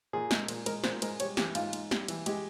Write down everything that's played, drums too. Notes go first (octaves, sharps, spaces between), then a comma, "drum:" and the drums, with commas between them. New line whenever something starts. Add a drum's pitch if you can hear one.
A#2 G#4
G#3, drum: snare
A#2, drum: cymbal
G#3 A#4, drum: cymbal
A#2 C5, drum: snare
G#3 A#4, drum: cymbal
G3 C#5, drum: cymbal
E3 G4, drum: snare
G#2 F4, drum: cymbal
G#2, drum: cymbal
G3, drum: snare
E3, drum: cymbal
G#3 G4, drum: cymbal